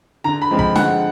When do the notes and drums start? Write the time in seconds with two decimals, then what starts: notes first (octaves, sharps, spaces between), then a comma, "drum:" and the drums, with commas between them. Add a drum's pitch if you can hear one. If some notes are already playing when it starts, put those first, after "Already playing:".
0.24 D3 A#5
0.42 B5
0.51 F3 G#3 C4
0.59 B5, drum: kick
0.75 D3 F#5, drum: snare